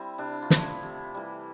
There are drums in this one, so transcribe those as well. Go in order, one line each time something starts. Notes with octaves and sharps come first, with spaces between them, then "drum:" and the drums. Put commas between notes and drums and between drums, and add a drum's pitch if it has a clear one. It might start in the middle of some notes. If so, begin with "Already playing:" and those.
Already playing: G3 C4 E4
C3 D4
F4
F3 A3 E4, drum: snare
C3
E3 G3